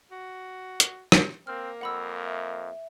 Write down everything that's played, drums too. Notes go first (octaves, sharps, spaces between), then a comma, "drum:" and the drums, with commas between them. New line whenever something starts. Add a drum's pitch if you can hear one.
F#4
drum: hi-hat
drum: rim click
A#3 C4 F6
F2 F#5 B5 E6
E5